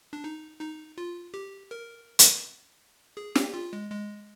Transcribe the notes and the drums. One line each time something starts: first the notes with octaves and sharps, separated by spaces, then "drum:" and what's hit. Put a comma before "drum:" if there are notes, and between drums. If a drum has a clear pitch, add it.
D4
D#4
D#4
F4
G4
A#4
drum: hi-hat
G#4
G4, drum: snare
F4
G#3
G#3